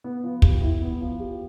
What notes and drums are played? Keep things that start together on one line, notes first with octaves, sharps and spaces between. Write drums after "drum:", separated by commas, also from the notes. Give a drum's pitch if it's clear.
B3
F3
G4, drum: kick
E4
B3
F3
G4